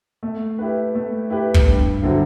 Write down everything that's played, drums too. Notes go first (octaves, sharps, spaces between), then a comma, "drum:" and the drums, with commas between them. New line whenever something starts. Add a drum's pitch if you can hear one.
A3
E4 G4 B4
A3
E4 G4 B4
drum: kick
G2
D3 F#3 C4 E4